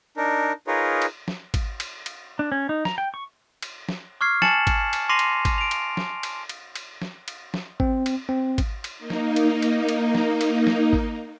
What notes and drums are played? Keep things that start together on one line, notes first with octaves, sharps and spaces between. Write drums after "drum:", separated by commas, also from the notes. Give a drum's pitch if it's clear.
D4 D#4 A#4
D#4 F4 G#4 A#4 B4 C#5
drum: cymbal
drum: snare
drum: kick G#1, cymbal
drum: cymbal
drum: cymbal
D4
C#4
D#4
A#5, drum: snare
G5
C#6
drum: cymbal
drum: snare
C#6 D6 F6 G#6 C7
G#5 A5 A6 C#7 E7 F#7, drum: snare
drum: kick G#1, cymbal
drum: cymbal
C6 D6 A#6 C7 D#7 F7
drum: cymbal
drum: kick G#1, cymbal
D7 F7
drum: cymbal
drum: snare
drum: cymbal
drum: cymbal
drum: cymbal
drum: snare
drum: cymbal
drum: snare
C4, drum: kick G#1
drum: cymbal
C4
drum: kick G#1, cymbal
drum: cymbal
A#3 D#4
drum: snare
drum: cymbal
drum: cymbal
drum: cymbal
drum: snare
drum: cymbal
drum: snare
drum: kick G#1